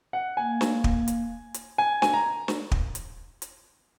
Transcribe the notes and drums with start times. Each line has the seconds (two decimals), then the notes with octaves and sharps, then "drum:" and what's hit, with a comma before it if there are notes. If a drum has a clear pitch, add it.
0.13 F#5
0.37 A#3 G#5
0.61 drum: snare
0.84 drum: kick
1.08 drum: hi-hat
1.54 drum: hi-hat
1.78 G#5
2.02 G#5, drum: snare
2.13 A#5
2.48 drum: snare
2.71 drum: kick
2.95 drum: hi-hat
3.42 drum: hi-hat